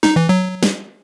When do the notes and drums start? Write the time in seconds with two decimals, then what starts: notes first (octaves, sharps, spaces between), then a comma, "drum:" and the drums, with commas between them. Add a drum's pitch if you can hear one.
0.03 D#4, drum: snare
0.16 E3
0.29 F#3
0.63 drum: snare